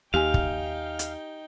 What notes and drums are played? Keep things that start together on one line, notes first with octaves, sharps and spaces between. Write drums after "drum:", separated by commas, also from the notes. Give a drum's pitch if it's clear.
D#2 D#4 G4 F5 G5 G#5
drum: kick
drum: hi-hat